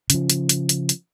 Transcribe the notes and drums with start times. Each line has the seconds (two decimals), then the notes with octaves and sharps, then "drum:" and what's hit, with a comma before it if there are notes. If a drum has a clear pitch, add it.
0.10 C#3 F3, drum: hi-hat
0.30 drum: hi-hat
0.49 drum: hi-hat
0.69 drum: hi-hat
0.89 drum: hi-hat